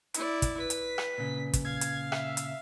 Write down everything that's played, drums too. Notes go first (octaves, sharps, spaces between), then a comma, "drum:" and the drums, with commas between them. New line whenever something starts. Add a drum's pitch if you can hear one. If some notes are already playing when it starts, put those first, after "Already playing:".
E4 D5, drum: hi-hat
drum: kick, hi-hat
B4 B6
drum: hi-hat
drum: rim click
A#2 C#3
drum: kick, hi-hat
F5 G#6
drum: hi-hat
E5, drum: rim click
drum: hi-hat